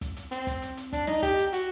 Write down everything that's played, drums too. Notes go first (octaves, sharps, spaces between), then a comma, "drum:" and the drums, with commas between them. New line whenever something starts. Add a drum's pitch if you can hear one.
drum: kick, hi-hat
drum: hi-hat
C4, drum: hi-hat
drum: kick, hi-hat
drum: hi-hat
drum: hi-hat
D4, drum: kick, hi-hat
D#4, drum: snare
G4, drum: kick, hi-hat
drum: hi-hat
F#4, drum: hi-hat